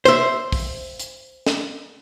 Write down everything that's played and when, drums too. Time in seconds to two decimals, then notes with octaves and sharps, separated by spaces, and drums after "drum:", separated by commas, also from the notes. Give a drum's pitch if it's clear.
0.05 C5 E5, drum: hi-hat
0.52 drum: kick, open hi-hat
0.99 drum: hi-hat
1.47 drum: snare